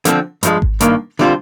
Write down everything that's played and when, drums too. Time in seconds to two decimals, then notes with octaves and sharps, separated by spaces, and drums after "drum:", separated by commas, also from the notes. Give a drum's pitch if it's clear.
0.05 D3 F3 C4, drum: hi-hat
0.43 G2 F3 G#3, drum: hi-hat
0.62 drum: kick G#1
0.81 G2 D#3 A#3, drum: hi-hat
1.19 D3 G3 C4 F4 C5